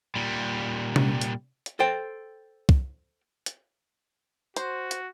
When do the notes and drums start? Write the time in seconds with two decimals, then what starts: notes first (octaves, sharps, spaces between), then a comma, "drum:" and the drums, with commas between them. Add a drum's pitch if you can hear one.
0.16 A#2 G3
0.96 drum: tom C3
1.21 drum: hi-hat
1.66 drum: hi-hat
1.79 A4 C5 G5
2.69 drum: kick
3.46 drum: hi-hat
4.56 F#4 C5, drum: hi-hat
4.91 drum: hi-hat